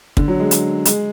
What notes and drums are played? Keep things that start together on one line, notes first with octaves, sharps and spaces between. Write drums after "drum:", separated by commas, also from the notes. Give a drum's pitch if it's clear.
D3, drum: kick
F#3
G#3
drum: hi-hat
G#3, drum: hi-hat